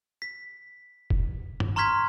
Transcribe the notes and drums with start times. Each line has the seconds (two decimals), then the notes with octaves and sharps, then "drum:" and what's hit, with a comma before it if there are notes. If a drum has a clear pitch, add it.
0.22 B6
1.10 drum: kick E1
1.60 drum: tom G2
1.76 A#5 C6 C#6 F6 G#6 B6